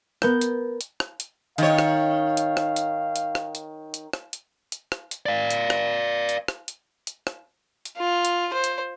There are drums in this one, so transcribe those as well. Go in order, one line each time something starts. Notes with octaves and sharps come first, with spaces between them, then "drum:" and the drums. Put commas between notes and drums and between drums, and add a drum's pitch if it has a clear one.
B3 A#4 G6, drum: rim click
drum: hi-hat
drum: hi-hat
drum: rim click
drum: hi-hat
D#3 C#5 F5, drum: hi-hat
drum: rim click
drum: hi-hat
drum: rim click
drum: hi-hat
drum: hi-hat
drum: rim click
drum: hi-hat
drum: hi-hat
drum: rim click
drum: hi-hat
drum: hi-hat
drum: rim click
drum: hi-hat
D5 F5
drum: hi-hat
drum: rim click
drum: hi-hat
drum: rim click
drum: hi-hat
drum: hi-hat
drum: rim click
drum: hi-hat
F4
drum: hi-hat
C5
drum: hi-hat